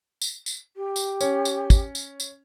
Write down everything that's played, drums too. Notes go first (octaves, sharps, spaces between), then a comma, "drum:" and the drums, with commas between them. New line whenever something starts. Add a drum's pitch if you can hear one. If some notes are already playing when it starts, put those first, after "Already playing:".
drum: tambourine
drum: tambourine
G4
drum: tambourine
C#4, drum: tambourine
drum: tambourine
drum: kick, tambourine
drum: tambourine
drum: tambourine